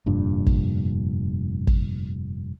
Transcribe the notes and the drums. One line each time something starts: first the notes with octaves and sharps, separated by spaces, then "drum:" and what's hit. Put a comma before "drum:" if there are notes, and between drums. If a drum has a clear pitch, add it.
F1 G2 A#2 D4
drum: kick
drum: kick